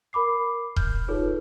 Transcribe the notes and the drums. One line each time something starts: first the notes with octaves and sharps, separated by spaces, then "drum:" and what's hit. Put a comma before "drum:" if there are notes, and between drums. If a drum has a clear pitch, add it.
A#4 B5 D6 C7
F6 G6, drum: kick D#1
D#4 F4 G#4 A4 B4 C#5